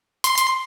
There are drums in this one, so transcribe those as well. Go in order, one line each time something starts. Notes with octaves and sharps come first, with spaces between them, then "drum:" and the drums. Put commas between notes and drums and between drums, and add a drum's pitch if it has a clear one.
C6, drum: hi-hat
drum: hi-hat